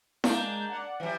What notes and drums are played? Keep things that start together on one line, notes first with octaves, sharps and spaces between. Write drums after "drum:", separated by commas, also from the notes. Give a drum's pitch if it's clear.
G#3 A#3 D4 G6, drum: snare E4
D5 F#5
E3 F#3 G3